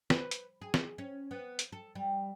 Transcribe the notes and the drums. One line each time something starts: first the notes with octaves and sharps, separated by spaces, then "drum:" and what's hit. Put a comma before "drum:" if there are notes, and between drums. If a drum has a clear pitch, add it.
B4, drum: snare
drum: hi-hat
G#4
drum: snare
C#4
B3
drum: hi-hat
A4
G3